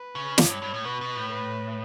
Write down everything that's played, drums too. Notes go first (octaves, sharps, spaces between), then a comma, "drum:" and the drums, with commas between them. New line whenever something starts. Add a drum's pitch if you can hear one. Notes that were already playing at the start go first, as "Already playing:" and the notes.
Already playing: B4
C#3
G2 C#5, drum: snare
F#2
G2
G2
A2
B2 B4
B2
A2
B4